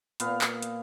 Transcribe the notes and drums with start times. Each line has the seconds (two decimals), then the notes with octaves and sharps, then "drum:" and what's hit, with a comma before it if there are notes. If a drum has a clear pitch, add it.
0.20 A#2 B3 F5, drum: hi-hat
0.41 drum: clap
0.62 drum: hi-hat